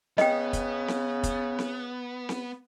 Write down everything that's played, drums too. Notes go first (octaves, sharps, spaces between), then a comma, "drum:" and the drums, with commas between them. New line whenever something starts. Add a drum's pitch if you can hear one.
C#3 B3 D#5 G5, drum: snare C4
drum: kick, hi-hat
drum: snare C4
drum: kick, hi-hat
drum: snare C4
drum: snare C4